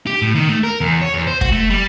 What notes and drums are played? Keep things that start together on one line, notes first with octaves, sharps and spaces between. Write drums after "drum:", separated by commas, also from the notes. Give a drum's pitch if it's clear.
G4
A2
D#3
A3
A#4
E2
C#5
E2
C5
F#4, drum: kick
A3
G3